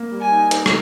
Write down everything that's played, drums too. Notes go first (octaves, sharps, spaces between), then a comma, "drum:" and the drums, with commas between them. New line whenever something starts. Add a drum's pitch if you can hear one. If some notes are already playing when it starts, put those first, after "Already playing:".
Already playing: A#3
G3
G#5
D#4
D#4, drum: hi-hat
drum: rim click